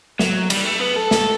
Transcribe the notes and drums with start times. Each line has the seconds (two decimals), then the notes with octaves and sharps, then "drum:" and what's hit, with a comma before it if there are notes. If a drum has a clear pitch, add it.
0.19 F#3, drum: snare
0.50 G3, drum: cymbal
0.65 A3
0.80 B3
0.96 A4
1.11 drum: snare